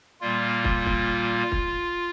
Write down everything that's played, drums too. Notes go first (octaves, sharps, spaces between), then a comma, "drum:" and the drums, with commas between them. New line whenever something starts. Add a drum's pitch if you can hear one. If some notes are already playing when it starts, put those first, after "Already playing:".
A#2 G3 A#3 F4
drum: kick
drum: kick
drum: kick